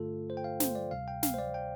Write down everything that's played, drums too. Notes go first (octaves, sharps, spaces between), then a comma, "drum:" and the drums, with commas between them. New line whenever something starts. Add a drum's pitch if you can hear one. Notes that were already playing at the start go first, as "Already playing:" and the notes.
Already playing: G2 D3 A3 F4 A4
C5
G5
F5
C5, drum: snare
D5
D2 C3 G3 F5
G5
F5, drum: snare
C5
D5
G5